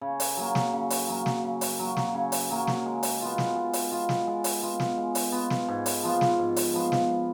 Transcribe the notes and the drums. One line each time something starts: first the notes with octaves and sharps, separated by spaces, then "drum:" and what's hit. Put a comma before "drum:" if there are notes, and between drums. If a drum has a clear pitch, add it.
C#3
drum: open hi-hat
F#3 A#3
drum: snare
C#3
drum: open hi-hat
F#3 A#3
drum: snare
C#3
drum: open hi-hat
F#3 A#3
drum: snare
C#3
drum: open hi-hat
F#3 A#3
drum: snare
G#3
drum: open hi-hat
B3 F4
drum: snare
G#3
drum: open hi-hat
B3 F4
drum: snare
G#3
drum: open hi-hat
B3 F4
drum: snare
G#3
drum: open hi-hat
B3 F4
drum: snare
G#2
drum: open hi-hat
F3 B3 F4
drum: snare
G#2
drum: open hi-hat
F3 B3 F4
drum: snare